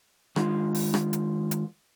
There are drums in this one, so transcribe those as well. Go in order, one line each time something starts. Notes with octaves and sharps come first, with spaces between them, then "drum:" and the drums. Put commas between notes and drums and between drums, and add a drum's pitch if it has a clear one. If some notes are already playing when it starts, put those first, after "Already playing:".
D#3 G#3 F4, drum: rim click
drum: open hi-hat
drum: rim click
drum: hi-hat
drum: hi-hat